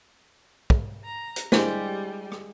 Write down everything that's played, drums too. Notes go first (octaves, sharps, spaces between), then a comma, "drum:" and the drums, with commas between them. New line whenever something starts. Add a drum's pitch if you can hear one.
drum: kick
A#5
drum: hi-hat
G3 G#3 D4 E4 G4 C5, drum: snare
drum: rim click